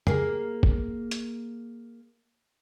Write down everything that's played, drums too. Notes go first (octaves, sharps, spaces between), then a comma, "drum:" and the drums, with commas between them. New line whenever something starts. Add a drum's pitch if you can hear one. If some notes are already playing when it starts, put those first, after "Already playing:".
A#3 G#4, drum: tom F2
drum: kick
drum: hi-hat